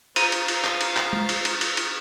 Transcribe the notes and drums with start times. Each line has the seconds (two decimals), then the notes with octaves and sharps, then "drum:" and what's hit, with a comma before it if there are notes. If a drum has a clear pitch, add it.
0.16 F4 C5 F5 A#5 D#7, drum: cymbal
0.32 drum: cymbal
0.48 drum: cymbal
0.65 drum: clap
0.81 drum: cymbal
0.97 drum: clap
1.13 drum: tom G#3
1.29 drum: cymbal
1.45 drum: cymbal
1.61 drum: cymbal
1.77 drum: cymbal